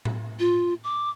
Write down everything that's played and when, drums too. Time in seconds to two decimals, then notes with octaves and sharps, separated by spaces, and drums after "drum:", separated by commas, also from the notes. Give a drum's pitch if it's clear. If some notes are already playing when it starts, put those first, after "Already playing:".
0.05 drum: tom A2
0.40 F4
0.84 D6